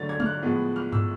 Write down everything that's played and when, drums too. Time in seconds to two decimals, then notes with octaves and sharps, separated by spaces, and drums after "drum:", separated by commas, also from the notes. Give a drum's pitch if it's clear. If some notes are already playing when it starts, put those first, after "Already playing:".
Already playing: D3 F#3 A3 A6
0.09 G#6
0.20 F6, drum: tom G#3
0.26 F#6
0.42 A2 F3 G#3 B3
0.76 F6
0.93 E6, drum: tom G2